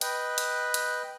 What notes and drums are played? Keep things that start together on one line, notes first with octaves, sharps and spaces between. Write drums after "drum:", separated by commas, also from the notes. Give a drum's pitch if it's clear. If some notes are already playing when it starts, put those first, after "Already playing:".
B4 D#5 G5 F#6, drum: hi-hat
drum: hi-hat
drum: hi-hat